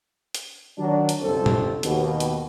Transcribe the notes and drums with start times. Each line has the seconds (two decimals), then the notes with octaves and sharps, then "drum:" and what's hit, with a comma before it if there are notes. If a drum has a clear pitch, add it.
0.34 drum: hi-hat
0.78 D#3 F#3 D4
1.09 drum: hi-hat
1.22 G1 C2 F#2 C4 A4 C5
1.46 drum: tom A#2
1.83 D#2 B2, drum: hi-hat
2.20 drum: hi-hat